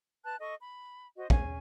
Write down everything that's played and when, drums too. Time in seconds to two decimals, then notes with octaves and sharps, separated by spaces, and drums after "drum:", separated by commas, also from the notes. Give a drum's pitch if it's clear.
0.25 B4 A5 F#6
0.39 A4 D#5 C#6
0.60 B5
1.16 F#4 C5 D#5
1.30 C#4 G#4 G#5, drum: kick